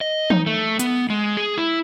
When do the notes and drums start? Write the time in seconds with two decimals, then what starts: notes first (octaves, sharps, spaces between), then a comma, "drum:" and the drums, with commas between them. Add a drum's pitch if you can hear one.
0.01 D#5
0.30 D#4, drum: tom
0.47 A3
0.79 B3, drum: hi-hat
1.10 G#3
1.37 G#4
1.58 E4